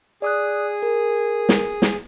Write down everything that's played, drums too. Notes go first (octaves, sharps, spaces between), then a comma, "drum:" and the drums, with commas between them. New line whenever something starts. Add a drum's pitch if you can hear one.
G#4 D5 D#6 F#6
A#4
drum: snare
drum: snare